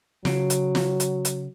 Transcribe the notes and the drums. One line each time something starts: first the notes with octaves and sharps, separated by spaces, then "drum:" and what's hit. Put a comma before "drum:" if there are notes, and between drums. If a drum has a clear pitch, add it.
C#3 F#3, drum: snare
drum: hi-hat
drum: snare
drum: hi-hat
drum: hi-hat